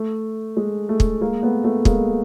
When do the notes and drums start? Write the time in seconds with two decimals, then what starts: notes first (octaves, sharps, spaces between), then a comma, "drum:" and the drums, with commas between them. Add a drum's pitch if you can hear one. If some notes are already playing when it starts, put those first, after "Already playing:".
Already playing: A3
0.57 G#3
0.89 A3
1.00 drum: kick
1.21 G#3 A#3
1.43 A3 B3
1.64 A3 B3
1.85 G#3 A#3, drum: kick